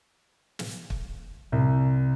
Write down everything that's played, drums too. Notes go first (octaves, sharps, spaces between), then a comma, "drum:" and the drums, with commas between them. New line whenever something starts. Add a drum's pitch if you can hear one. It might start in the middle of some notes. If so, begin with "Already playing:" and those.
drum: snare
drum: kick
C2